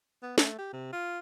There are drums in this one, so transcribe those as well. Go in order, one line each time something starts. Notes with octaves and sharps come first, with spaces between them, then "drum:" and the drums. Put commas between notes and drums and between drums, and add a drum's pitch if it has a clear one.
B3
A3, drum: snare
G4
C3
F4